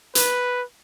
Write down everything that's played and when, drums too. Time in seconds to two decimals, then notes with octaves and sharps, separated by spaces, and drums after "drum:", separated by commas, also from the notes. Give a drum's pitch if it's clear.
0.15 B4, drum: hi-hat